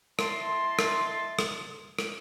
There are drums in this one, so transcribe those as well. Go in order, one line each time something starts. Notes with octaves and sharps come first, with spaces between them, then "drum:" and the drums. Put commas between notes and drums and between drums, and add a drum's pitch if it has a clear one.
E4 D#5 A5 C6, drum: rim click
drum: rim click
drum: rim click
drum: rim click